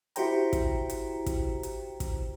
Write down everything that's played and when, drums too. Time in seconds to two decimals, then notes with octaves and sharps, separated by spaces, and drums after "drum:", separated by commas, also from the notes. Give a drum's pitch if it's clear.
0.16 E4 F#4 G4 C5 G5 A#5, drum: hi-hat
0.53 drum: kick, hi-hat
0.89 drum: hi-hat
1.26 drum: kick, hi-hat
1.63 drum: hi-hat
2.00 drum: kick, hi-hat